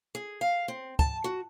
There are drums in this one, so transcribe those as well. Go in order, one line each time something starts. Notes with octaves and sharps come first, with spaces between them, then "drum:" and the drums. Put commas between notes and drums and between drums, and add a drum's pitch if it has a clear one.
G#4
F5
C4
A5, drum: kick
F#4